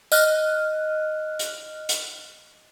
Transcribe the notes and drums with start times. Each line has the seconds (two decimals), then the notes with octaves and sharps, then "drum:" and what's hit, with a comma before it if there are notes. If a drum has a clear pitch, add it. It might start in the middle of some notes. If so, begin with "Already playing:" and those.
0.12 D#5 F6 F#6, drum: tambourine
1.39 drum: hi-hat
1.89 drum: hi-hat